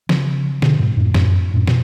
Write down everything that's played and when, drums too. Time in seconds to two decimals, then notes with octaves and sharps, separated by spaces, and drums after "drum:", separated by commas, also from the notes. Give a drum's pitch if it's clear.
0.09 C#3 F3, drum: snare
0.62 B2 D3, drum: snare
0.79 G#2 B2
0.97 F#2 A2
1.14 F#2 A2, drum: snare
1.27 F#2
1.54 F#2 A2
1.67 B2, drum: snare